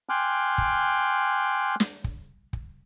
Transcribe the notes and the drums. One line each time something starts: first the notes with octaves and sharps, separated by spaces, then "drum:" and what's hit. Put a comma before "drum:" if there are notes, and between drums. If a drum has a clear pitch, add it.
G5 G#5 C6 D6 F6 F#6
drum: kick
drum: snare
drum: kick
drum: kick